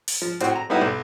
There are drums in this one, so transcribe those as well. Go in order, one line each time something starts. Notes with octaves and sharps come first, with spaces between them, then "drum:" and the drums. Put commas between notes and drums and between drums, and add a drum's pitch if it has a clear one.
drum: open hi-hat
F3
A2 C4 F#4, drum: hi-hat
A#5
G3 B3 C#4 D#4 E4 F#4
B1